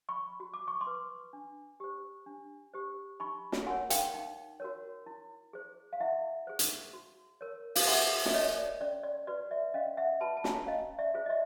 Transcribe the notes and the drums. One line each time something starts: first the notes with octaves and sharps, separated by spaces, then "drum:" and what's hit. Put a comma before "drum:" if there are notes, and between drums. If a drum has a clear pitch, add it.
B5 C#6
F#4
D6
C#6
C6 D6
B4
D4
G4 C5
D4
G4 C5
D#4 B5 C#6
drum: snare
F#4 A#4 C#5 F#5 G#5
F5 G5, drum: hi-hat
D#4
F#4 A#4 C#5
E4
G#4 C5
F5
E4 E5 F#5
G#4 C5
drum: hi-hat
F#4
A#4 C#5
F5, drum: open hi-hat
F#4 E5 F#5
E5, drum: snare
A#4 C#5 D#5
D5
C#4 D5
D5
F#4 B4 D5
D5 E5
C#4 D#5 F5
E5 F#5
F#4 B4 A5 B5
A5
G#5 A#5, drum: snare
C#4 D#5 F5
D5 E5
F4 G#4 C5
D#5
D5 E5